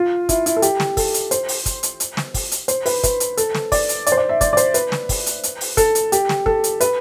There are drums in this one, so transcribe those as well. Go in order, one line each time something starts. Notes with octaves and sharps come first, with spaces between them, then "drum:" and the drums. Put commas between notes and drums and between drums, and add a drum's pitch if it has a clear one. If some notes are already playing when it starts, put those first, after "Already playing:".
Already playing: F4
E4, drum: kick, hi-hat
E4, drum: hi-hat
A4
G4, drum: hi-hat
drum: snare
A4, drum: kick, open hi-hat
drum: hi-hat
C5, drum: hi-hat
drum: open hi-hat
drum: kick, hi-hat
drum: hi-hat
drum: hi-hat
drum: snare
drum: kick, open hi-hat
drum: hi-hat
C5, drum: hi-hat
B4, drum: open hi-hat
B4, drum: kick, hi-hat
drum: hi-hat
A4, drum: hi-hat
drum: snare
D5, drum: kick, open hi-hat
drum: hi-hat
D5, drum: hi-hat
C5
D5
E5
D5, drum: kick, hi-hat
D5
C5, drum: hi-hat
B4, drum: hi-hat
drum: snare
drum: kick, open hi-hat
drum: hi-hat
drum: hi-hat
drum: open hi-hat
A4, drum: kick, hi-hat
drum: hi-hat
G4, drum: hi-hat
drum: snare
A4, drum: kick
drum: hi-hat
B4, drum: hi-hat